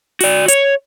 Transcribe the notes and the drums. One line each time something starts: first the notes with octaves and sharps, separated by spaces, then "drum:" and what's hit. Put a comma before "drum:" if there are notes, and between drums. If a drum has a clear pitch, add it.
F#4 D5, drum: open hi-hat
C#5, drum: hi-hat